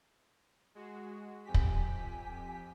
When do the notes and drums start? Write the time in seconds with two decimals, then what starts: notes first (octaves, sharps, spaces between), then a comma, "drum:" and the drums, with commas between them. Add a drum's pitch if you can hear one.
0.75 G#3 F#4 G#4
1.45 F2 G4 G#5 B6
1.54 drum: kick